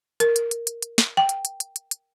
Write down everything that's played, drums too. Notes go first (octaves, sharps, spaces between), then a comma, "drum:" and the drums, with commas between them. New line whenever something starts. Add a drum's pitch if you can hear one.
A#4, drum: hi-hat
drum: hi-hat
drum: hi-hat
drum: hi-hat
drum: hi-hat
drum: snare
G5
drum: hi-hat
drum: hi-hat
drum: hi-hat
drum: hi-hat
drum: hi-hat